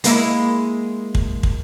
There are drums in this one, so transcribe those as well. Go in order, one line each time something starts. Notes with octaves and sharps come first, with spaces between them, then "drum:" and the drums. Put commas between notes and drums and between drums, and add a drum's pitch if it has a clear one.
G#3 A#3 E4, drum: hi-hat
drum: kick
drum: kick